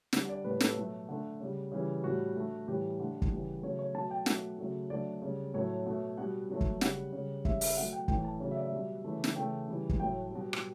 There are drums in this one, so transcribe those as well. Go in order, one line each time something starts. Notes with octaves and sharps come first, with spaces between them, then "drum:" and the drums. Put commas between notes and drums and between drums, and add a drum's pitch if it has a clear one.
D3 G3 F#5, drum: snare
D5
A2 G3 B4
A4, drum: snare
B2 F#3 A3
D3 A3
C#3 G3
C#3 E3 G3
A2 G3 F#4
D3 A3
A2 E3 G3 G4
D3 A3
drum: kick
C#3 E3 G3
C#3 F#3 A3 C#5
C#5
B2 F#3 A3 A5
G5
B2 F#3 A3 F#5, drum: snare
C#3 F#3 A3
D3 F#3 A3 D5
C#3 G3
A2 F#3 A3 C#5
B2 A3
B2 G3 F#5
B2 F#3 A3
drum: kick
C#3 G3 F#5, drum: snare
C#3 G3
C#3 G3 E5, drum: kick
E5, drum: open hi-hat
B2 F#3 A3 F#5
G5
A2 E3 A3 G5, drum: kick
A5
C#3 F#3 A3
E5
D5
E5
B2 G3
C#3 E3 A3
drum: snare
C#3 E3 A3 G5
C#3 E3 G3
drum: kick
A2 F#3 A3 G5
B2 G3
drum: rim click